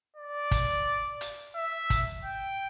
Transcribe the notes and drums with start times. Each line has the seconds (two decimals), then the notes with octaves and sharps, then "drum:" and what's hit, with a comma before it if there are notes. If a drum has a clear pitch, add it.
0.16 D5
0.51 drum: kick, hi-hat
1.21 drum: hi-hat
1.56 E5
1.90 drum: kick, hi-hat
2.24 G5